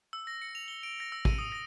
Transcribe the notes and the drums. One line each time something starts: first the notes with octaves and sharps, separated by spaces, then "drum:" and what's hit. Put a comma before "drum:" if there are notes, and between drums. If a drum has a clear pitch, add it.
E6
A#6
C#7
F7
G7
D7
A#6
E6
D#7, drum: kick
D#6
A#6